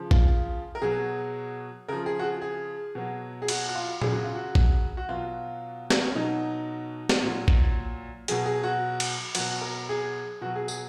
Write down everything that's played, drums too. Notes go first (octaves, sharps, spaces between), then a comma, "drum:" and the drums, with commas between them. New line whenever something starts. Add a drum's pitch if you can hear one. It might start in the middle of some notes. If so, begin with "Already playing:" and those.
Already playing: C#3 F3
F4, drum: kick A#1
A#4
B2 F#3 G#4
C#3 F3 A#4
G#4
F#4
G#4
G#4
B2 F#3
G#4
F#4, drum: cymbal
F#4
F4
C#3 F#3 G#4, drum: tom A#2
F#4
F4
F#4
drum: kick A#1
F#4
B2 F#3 F4
A#3, drum: snare
B3
C#4
B2 F#3 D#4
drum: snare
A#2 F#3
drum: kick A#1
B2 F#3 G#4, drum: hi-hat
G#4
F#4
drum: cymbal
B2 F#3 F#4, drum: cymbal
A#4
G#4
B2 F#3 F#4
G#4
G#4, drum: tambourine